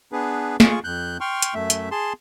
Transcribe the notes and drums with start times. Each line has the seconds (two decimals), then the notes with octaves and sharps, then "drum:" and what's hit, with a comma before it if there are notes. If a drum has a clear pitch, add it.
0.12 B3 D4 G#4 B4
0.60 F4 G#4 C#6, drum: snare
0.84 F2 F#6 G6
1.21 G5 C6 C#6 F6
1.42 drum: hi-hat
1.54 F#2 A3 E5
1.70 drum: hi-hat
1.91 G#4 A5 C6